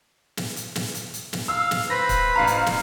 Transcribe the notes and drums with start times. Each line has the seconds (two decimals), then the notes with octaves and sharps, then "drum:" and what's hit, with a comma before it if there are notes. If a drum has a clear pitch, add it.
0.37 drum: snare
0.56 drum: hi-hat
0.75 drum: snare
0.95 drum: hi-hat
1.14 drum: hi-hat
1.33 drum: snare
1.48 F5 E6
1.71 drum: snare
1.90 B4 C5 B5 A#6
2.09 drum: kick C#1, hi-hat
2.36 A1 F5 A#5
2.47 drum: hi-hat
2.66 drum: snare